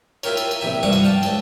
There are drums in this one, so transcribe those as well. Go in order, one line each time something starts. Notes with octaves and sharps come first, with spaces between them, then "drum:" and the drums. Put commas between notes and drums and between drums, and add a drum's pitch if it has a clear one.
E4 F4 G4 A#4 C#5, drum: cymbal
drum: cymbal
drum: cymbal
A#1 C3 E3 G4 E5
G2 F3 G3 F#5 C#6 D6
drum: cymbal
F5 G5 A5
C#2 A5, drum: cymbal